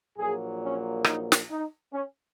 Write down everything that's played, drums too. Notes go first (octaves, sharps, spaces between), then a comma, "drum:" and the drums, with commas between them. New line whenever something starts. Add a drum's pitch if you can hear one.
A#1 A#2 F#3 A#3 G#4
C#4
D#4, drum: rim click
drum: snare
D#4
C#4